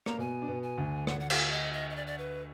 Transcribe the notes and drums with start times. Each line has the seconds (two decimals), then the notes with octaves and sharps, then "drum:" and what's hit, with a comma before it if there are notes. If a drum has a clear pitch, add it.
0.06 A#3 A#5, drum: rim click
0.18 B2 B3 G#5
0.42 D4
0.48 B2 B3
0.63 G#5
0.77 D2 D3
1.07 F#5, drum: rim click
1.20 F#5
1.30 F5, drum: cymbal
1.51 D#5
1.73 D#5
1.90 D#5
1.96 D5
2.07 D5
2.18 B4